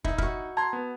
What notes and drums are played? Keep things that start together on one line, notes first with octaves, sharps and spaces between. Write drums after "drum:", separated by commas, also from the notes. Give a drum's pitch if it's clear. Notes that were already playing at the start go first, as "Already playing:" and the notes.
D#4 E4, drum: kick
E4 F#4 F6, drum: kick
A5 A#5 C6 G#6
B3